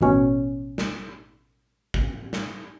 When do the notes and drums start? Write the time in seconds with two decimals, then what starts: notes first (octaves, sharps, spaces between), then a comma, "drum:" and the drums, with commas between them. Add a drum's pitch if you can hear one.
0.01 A1 B2 C#4
0.78 drum: snare
1.94 drum: kick
2.33 drum: snare